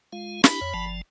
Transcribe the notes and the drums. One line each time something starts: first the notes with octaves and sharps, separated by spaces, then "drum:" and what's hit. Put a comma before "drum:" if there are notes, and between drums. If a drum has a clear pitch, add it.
G#3 F4 F5
D4 E4 G4 B5, drum: snare
F2 C#5
G1 F3 A5